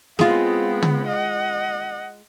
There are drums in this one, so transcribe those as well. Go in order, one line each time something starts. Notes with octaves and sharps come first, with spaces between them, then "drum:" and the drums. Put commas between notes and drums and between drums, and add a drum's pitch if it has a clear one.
G#3 B3 C4 F4, drum: snare
drum: tom
D#5 F#5